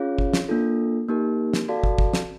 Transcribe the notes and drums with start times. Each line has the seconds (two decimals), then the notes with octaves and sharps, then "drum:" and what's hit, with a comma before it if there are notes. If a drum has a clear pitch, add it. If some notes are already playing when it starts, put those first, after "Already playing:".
Already playing: C#4 F4 G#4 C#5 F5
0.18 drum: kick
0.33 drum: snare
0.48 A#3 D4 F4 A4
1.08 A#3 D#4 G4 A#4
1.53 drum: snare
1.68 F#4 A4 D5 F5 A5
1.84 drum: kick
1.99 drum: kick
2.14 drum: snare